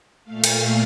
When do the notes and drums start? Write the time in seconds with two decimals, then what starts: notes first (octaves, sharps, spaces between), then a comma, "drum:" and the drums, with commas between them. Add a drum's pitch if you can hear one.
0.24 A#2 A3 F5
0.44 drum: cymbal